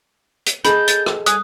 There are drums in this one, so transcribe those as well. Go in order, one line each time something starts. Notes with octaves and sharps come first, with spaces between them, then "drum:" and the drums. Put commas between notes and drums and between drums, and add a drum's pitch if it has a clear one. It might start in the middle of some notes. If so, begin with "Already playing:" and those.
drum: hi-hat
G#4 A4 D#5 B5 G6, drum: hi-hat
A6, drum: hi-hat
drum: rim click
G#5 D#6 F#6, drum: hi-hat